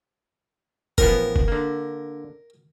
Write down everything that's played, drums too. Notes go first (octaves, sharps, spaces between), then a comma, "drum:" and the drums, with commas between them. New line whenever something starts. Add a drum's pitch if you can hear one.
A1 F3 B3 A#4, drum: kick
drum: kick
D3 A#3